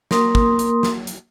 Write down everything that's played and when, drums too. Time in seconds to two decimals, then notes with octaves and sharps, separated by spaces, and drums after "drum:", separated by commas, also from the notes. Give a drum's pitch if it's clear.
0.11 A#3 A#4 C6 D#6, drum: snare
0.35 drum: kick
0.59 drum: hi-hat
0.83 drum: snare
1.07 drum: hi-hat